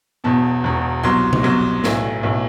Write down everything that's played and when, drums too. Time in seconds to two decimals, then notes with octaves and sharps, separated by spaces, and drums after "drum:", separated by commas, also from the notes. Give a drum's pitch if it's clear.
0.24 E1 E2 B2 A5
0.64 E1 E2 B2
1.03 C2 B2 F#3 C6
1.33 drum: tom C3
1.43 C2 B2 F#3
1.84 B1 A2 E3, drum: snare
2.23 B1 A2 E3